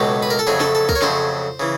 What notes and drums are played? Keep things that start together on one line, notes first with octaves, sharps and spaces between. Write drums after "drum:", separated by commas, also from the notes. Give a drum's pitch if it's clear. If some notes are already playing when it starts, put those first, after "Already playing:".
Already playing: C#2 B2 F#3 A3 G4
B4
A#4
A4
F2 C#3 F#3 A3 G#4
A4, drum: snare
A4
A#4, drum: kick
C#5
F2 C#3 F#3 A3 C5, drum: snare
C#3 E3